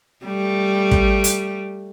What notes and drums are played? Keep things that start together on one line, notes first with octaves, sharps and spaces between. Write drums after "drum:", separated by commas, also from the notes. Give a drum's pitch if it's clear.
G3 A3
drum: kick
drum: hi-hat